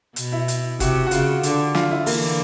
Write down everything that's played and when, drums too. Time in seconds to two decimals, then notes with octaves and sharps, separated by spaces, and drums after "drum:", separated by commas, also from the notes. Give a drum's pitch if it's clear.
0.16 B2, drum: hi-hat
0.32 E4
0.48 drum: hi-hat
0.80 C3 F#4, drum: kick F#1, hi-hat
1.07 F#4
1.11 C#3 F4, drum: hi-hat
1.43 D3, drum: hi-hat
1.75 F4, drum: snare
1.91 E4
2.06 D3 E3 A#3, drum: open hi-hat